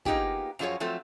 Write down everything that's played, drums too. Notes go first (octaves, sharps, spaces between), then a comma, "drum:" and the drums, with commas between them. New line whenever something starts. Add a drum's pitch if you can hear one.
A#3 B3 D#4 F4 G4 G#4, drum: kick
F#2 F3 F4 F#4 G#4 C#5
F3 F#3 A3 C4 F4